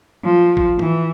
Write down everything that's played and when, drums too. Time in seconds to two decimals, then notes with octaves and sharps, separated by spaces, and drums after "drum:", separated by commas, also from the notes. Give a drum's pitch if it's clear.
0.25 F3
0.57 drum: kick
0.79 E3, drum: tom G#2